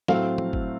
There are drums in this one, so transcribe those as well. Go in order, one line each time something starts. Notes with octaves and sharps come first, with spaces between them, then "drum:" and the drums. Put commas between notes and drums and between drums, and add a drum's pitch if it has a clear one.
A2 F#3 A3 C4 F5, drum: snare
drum: tom
drum: kick